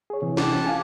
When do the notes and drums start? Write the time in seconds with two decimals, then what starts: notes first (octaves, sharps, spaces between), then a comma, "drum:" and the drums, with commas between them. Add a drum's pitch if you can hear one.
0.10 G#4 C#5
0.22 C3 E3
0.37 G4 F#5 A5, drum: snare
0.66 F5 G#5